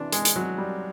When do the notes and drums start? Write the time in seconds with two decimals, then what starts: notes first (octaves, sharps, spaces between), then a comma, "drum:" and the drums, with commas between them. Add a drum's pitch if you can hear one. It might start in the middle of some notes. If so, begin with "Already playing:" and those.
Already playing: C3 E3 D4
0.12 G#3, drum: hi-hat
0.25 drum: hi-hat
0.36 F#3
0.58 G3